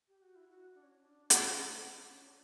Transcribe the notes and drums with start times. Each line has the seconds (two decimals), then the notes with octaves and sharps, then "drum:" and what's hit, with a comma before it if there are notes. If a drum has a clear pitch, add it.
0.08 G4
0.22 F#4
0.36 E4
0.49 F#4
0.75 D4
0.83 C#4
1.00 D4
1.30 drum: hi-hat
1.42 D4
2.09 C#4
2.22 D4